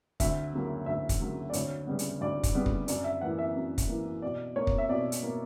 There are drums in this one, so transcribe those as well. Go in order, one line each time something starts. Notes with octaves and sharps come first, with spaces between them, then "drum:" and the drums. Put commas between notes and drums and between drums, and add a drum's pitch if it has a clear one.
D2 E5, drum: kick, hi-hat
C#3 F#3 A#3
D2 E5
drum: kick, hi-hat
C#3 F#3 A#3
D5
D2 C#5, drum: hi-hat
C#3 G3 B3
drum: hi-hat
D2 D5
drum: kick, hi-hat
C#3 G3 B3
drum: kick
F#2 D5, drum: hi-hat
E5
E3 A#3 F#5
E5
F#2
drum: kick, hi-hat
E3 A#3
B2 D5
A#3 C#5
drum: kick
E5
B2 D5
drum: hi-hat
A#3